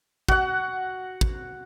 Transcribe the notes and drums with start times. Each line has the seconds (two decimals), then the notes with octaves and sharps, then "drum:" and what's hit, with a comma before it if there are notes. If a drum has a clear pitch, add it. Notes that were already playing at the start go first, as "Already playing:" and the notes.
0.28 F#4 F#5, drum: kick
1.21 drum: kick